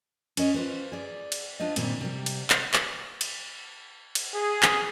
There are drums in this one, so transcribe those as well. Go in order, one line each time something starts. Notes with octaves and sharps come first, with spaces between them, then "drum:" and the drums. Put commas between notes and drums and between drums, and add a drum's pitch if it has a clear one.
C#4 A#4 D#5, drum: cymbal
F4 F#4 B4 C5
G#4 D5
drum: cymbal
D4 F4 C5 D#5
A#2 D#3 G3 A#3 C4, drum: cymbal
C3 G3
drum: cymbal
drum: clap
drum: clap
drum: cymbal
drum: cymbal
G#4
drum: clap